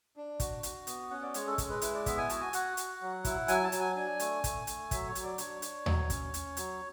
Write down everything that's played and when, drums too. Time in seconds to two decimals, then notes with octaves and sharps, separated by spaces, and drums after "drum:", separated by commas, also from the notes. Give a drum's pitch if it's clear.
0.16 D4
0.40 F#4, drum: kick, hi-hat
0.63 F#4, drum: hi-hat
0.87 B3, drum: hi-hat
1.10 C#4 F#5
1.22 D5
1.34 G#3 C#5, drum: hi-hat
1.47 A4
1.58 G#3, drum: kick, hi-hat
1.70 B4
1.82 E4 B4, drum: hi-hat
1.95 D5
2.06 B3 E5, drum: kick, hi-hat
2.18 G#5
2.29 F#4 A5, drum: hi-hat
2.41 G#5
2.53 F#4 F#5, drum: hi-hat
2.77 F#4, drum: hi-hat
3.01 F#3
3.25 E4, drum: kick, hi-hat
3.48 F#3 G#5, drum: hi-hat
3.64 A5
3.72 F#3, drum: hi-hat
3.80 G#5
3.96 D4 G#5
4.20 A3, drum: hi-hat
4.44 A3, drum: kick, hi-hat
4.67 A3, drum: hi-hat
4.91 F#3 E5, drum: kick, hi-hat
5.07 C#5
5.15 F#3, drum: hi-hat
5.23 D5
5.38 D4 C#5, drum: hi-hat
5.62 D4, drum: hi-hat
5.86 F#3, drum: tom D#2
6.10 C#4, drum: kick, hi-hat
6.34 C#4, drum: hi-hat
6.57 F#3, drum: hi-hat